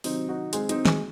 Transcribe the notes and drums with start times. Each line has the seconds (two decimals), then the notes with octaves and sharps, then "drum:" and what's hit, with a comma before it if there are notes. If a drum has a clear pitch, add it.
0.04 C3 D#3 F#3 C4 D#4, drum: open hi-hat
0.29 D#4 F#4
0.53 G#3 C4, drum: hi-hat
0.69 C4 D#4, drum: hi-hat
0.85 G#3, drum: snare